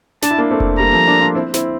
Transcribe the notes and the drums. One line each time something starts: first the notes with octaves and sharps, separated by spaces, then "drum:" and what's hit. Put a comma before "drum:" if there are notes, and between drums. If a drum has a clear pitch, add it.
D4 A5, drum: snare
E4
A#3 D4
A3 C4
drum: kick F1
G3 A#3 A#5
F3 A3
A#3 D4
D4 F4
C4 E4
C4 E4, drum: snare